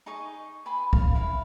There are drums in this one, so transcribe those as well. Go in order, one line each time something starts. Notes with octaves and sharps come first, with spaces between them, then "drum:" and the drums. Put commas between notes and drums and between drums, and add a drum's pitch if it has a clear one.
D#4 G#4 D#5 C#6
B4 G#5 B5 C6
F5, drum: kick
E4 B4 F5 B5